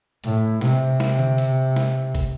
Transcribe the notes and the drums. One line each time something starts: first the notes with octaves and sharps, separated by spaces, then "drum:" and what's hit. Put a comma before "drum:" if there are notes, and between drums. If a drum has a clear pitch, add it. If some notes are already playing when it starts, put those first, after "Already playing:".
A2, drum: hi-hat
C3, drum: snare
drum: snare
drum: tom D3
drum: hi-hat
drum: snare
drum: kick, hi-hat